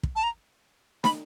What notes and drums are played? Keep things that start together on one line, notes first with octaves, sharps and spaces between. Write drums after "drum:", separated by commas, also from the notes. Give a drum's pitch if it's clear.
drum: kick
A5
A#5
B5, drum: snare